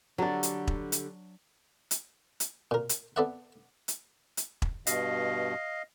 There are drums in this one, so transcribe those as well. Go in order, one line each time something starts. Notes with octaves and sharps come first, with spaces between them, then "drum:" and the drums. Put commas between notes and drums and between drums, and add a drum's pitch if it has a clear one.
D3 F#3 G3 D4
drum: hi-hat
drum: kick E1
drum: hi-hat
drum: hi-hat
drum: hi-hat
A#2 A#4
drum: hi-hat
B3 A4 D5 E5 F#5
drum: hi-hat
drum: hi-hat
drum: kick E1
G2 B2 D#5 F5, drum: hi-hat